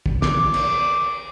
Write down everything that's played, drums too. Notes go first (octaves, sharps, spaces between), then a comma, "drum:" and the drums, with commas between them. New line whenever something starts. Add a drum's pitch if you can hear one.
drum: kick
D6, drum: snare
drum: cymbal